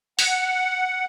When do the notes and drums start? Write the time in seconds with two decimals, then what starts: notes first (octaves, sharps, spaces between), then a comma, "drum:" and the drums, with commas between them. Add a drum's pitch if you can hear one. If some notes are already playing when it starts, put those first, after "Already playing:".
0.19 F#5, drum: open hi-hat